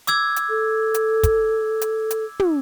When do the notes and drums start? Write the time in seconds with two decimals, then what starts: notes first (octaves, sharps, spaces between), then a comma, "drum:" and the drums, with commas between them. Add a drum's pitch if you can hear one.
0.07 D6 E6 G#6, drum: hi-hat
0.36 drum: hi-hat
0.49 A4
0.94 drum: hi-hat
1.23 drum: kick, hi-hat
1.81 drum: hi-hat
2.11 drum: hi-hat
2.40 drum: tom